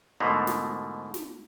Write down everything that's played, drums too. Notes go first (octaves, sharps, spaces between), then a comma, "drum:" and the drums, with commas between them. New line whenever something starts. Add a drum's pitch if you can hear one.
G#2 B2 D3 F3 A3 A#3
drum: snare
drum: snare